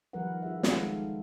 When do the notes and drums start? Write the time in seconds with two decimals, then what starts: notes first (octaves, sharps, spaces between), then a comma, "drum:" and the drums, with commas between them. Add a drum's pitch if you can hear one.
0.13 D#3 F3 G3 A#4 B4 F#5
0.42 F4 G#4 E5
0.63 D#3 G#3 A4 F5 F#5, drum: snare